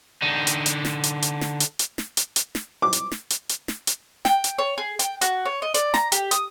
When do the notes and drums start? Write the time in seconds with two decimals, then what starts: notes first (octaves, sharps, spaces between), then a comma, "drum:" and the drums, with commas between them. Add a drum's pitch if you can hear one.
0.22 D3 D#4
0.47 drum: hi-hat
0.66 drum: hi-hat
0.85 drum: snare
1.04 drum: hi-hat
1.22 drum: hi-hat
1.41 drum: snare
1.60 drum: hi-hat
1.79 drum: hi-hat
1.98 drum: snare
2.17 drum: hi-hat
2.36 drum: hi-hat
2.55 drum: snare
2.82 D6
2.93 drum: hi-hat
3.11 drum: snare
3.30 drum: hi-hat
3.49 drum: hi-hat
3.68 drum: snare
3.87 drum: hi-hat
4.25 G5, drum: snare
4.44 drum: hi-hat
4.58 C#5
4.78 G#4
4.99 G5, drum: hi-hat
5.21 F#4, drum: hi-hat
5.45 C#5
5.62 D#5
5.74 D5, drum: hi-hat
5.94 A#5, drum: snare
6.12 G4, drum: hi-hat
6.31 D#6, drum: hi-hat